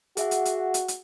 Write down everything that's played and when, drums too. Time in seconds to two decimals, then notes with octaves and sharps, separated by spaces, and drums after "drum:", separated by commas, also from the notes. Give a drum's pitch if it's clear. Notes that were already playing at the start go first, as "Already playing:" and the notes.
0.17 F#4 G#4 E5 F#5, drum: hi-hat
0.31 drum: hi-hat
0.45 drum: hi-hat
0.74 drum: hi-hat
0.88 drum: hi-hat